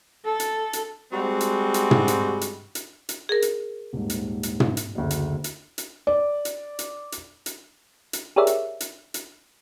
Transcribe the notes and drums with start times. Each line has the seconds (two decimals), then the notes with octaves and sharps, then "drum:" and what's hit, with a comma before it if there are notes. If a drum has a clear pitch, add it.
0.25 A4
0.40 drum: hi-hat
0.73 drum: hi-hat
1.12 G3 G#3 C4 F#4
1.41 drum: hi-hat
1.74 drum: hi-hat
1.91 drum: tom
2.08 drum: hi-hat
2.41 drum: hi-hat
2.75 drum: hi-hat
3.09 drum: hi-hat
3.29 G#4 A#4
3.42 drum: hi-hat
3.93 D#1 G#2
4.10 drum: hi-hat
4.43 drum: hi-hat
4.60 drum: tom
4.77 drum: hi-hat
4.95 F#1 D2
5.10 drum: hi-hat
5.44 drum: hi-hat
5.78 drum: hi-hat
6.07 D5
6.45 drum: hi-hat
6.79 drum: hi-hat
7.12 drum: hi-hat
7.46 drum: hi-hat
8.13 drum: hi-hat
8.36 G4 G#4 A#4 C#5 D5 E5
8.47 drum: hi-hat
8.80 drum: hi-hat
9.14 drum: hi-hat